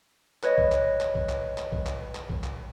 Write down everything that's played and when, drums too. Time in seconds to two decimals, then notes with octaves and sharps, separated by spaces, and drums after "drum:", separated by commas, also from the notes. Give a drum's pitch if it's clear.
0.43 B4 C#5 D#5, drum: clap
0.58 drum: kick
0.72 drum: clap
1.01 drum: clap
1.15 drum: kick
1.29 drum: clap
1.58 drum: clap
1.72 drum: kick
1.87 drum: clap
2.15 drum: clap
2.30 drum: kick
2.44 drum: clap